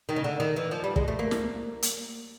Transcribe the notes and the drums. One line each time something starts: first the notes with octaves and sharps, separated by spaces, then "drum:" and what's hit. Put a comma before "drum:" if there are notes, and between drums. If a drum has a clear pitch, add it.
D#3
C#3
D3
D#3
E3
F3
G3
G#3, drum: kick
A3
A#3
drum: snare
drum: hi-hat